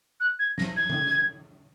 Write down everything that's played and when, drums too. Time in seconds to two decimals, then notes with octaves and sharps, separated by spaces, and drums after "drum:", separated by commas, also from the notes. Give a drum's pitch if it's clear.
0.20 F#6
0.39 G#6
0.58 A#6, drum: snare
0.76 G#6
0.90 drum: tom C#3